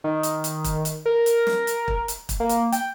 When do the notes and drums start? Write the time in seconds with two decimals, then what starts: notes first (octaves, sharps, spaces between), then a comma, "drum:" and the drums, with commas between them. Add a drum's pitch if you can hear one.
0.04 D#3
0.23 drum: hi-hat
0.44 drum: hi-hat
0.64 drum: kick, hi-hat
0.85 drum: hi-hat
1.06 A#4
1.26 drum: hi-hat
1.47 drum: snare
1.67 drum: hi-hat
1.88 drum: kick
2.08 drum: hi-hat
2.29 drum: kick, hi-hat
2.40 A#3
2.49 drum: hi-hat
2.72 G5, drum: hi-hat